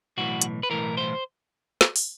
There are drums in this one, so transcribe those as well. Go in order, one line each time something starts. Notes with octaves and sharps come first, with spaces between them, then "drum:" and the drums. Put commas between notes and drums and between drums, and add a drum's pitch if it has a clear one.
B1 A2 E3 F#4
drum: hi-hat
B4
B1 A2 E3 A#4
C5
drum: snare
drum: open hi-hat